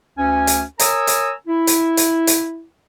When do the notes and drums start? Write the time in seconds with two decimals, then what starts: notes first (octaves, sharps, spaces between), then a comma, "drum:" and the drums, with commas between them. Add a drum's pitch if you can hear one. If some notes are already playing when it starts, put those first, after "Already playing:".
0.17 D2 C#4 G#5
0.47 drum: hi-hat
0.79 A#4 C#5 G#5 A#5 D#6 E6, drum: hi-hat
1.07 drum: hi-hat
1.47 E4
1.67 drum: hi-hat
1.97 drum: hi-hat
2.27 drum: hi-hat